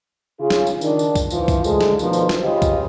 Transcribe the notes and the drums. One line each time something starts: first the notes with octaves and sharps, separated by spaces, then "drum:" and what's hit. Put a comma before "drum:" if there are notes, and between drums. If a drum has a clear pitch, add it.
C#3 F4 G#4
drum: snare
drum: tambourine
D#3 D4, drum: tambourine
drum: tambourine
drum: kick C2, tambourine
E3 F3 F4, drum: tambourine
drum: kick C2, tambourine
D3 E3 G#3 A3 G#4 A4, drum: tambourine
drum: snare
B2 D3 D#3 F3, drum: tambourine
drum: tambourine
drum: snare
C#3 F4 G4 B4 D#5
drum: kick C2, tambourine